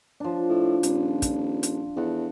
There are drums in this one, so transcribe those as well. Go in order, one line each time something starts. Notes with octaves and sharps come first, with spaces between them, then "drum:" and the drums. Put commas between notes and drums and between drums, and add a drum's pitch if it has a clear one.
F3 D4
A2
D#1, drum: hi-hat
drum: kick, hi-hat
drum: hi-hat
E2 A4 F#5